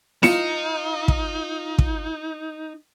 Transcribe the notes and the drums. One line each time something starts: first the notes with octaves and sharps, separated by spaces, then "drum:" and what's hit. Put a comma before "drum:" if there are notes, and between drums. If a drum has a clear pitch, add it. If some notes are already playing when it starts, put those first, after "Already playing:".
D#4 F4 C#7 E7, drum: snare E4
drum: kick
drum: kick